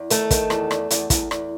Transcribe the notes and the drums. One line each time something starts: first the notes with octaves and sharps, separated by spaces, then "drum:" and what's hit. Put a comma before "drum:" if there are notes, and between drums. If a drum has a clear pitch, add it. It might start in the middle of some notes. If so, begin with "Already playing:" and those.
Already playing: E2
D#3 A3 A4, drum: hi-hat
D#3, drum: kick, hi-hat
E2, drum: rim click
E2, drum: rim click
E2, drum: hi-hat
E2, drum: kick, hi-hat
E2, drum: rim click